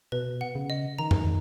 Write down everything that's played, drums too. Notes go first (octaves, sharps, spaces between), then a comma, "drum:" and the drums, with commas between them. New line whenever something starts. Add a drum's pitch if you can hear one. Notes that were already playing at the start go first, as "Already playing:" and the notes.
B2 B4
F#5
C#3
D#5
D#3 A#5
drum: tom F2